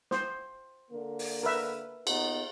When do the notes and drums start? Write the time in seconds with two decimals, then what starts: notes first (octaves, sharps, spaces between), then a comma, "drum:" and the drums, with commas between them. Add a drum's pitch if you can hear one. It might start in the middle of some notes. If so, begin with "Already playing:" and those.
0.11 C5, drum: snare
0.91 D3 A#3
1.19 drum: open hi-hat
1.43 A#4 B4 E5
2.07 A#2 B3 D#4, drum: cymbal